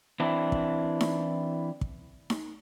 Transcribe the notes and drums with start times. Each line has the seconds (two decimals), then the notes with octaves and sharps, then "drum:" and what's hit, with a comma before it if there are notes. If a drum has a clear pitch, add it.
0.20 E3 C4 D4 E4
0.52 drum: kick
1.01 drum: snare D#4
1.81 drum: kick
2.30 drum: snare D#4